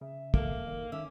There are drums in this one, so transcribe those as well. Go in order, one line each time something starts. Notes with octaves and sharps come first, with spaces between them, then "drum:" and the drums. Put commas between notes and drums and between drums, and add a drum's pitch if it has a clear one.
C#3 E5
A#3 A4, drum: kick
D#3 A#4
D#3 C#4 E5 D6